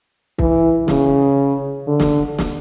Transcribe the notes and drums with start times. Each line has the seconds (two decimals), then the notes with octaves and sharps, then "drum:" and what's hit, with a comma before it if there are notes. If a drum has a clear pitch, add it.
0.39 E3, drum: kick C2
0.88 C#3, drum: snare
1.87 D3
2.00 drum: snare
2.39 drum: snare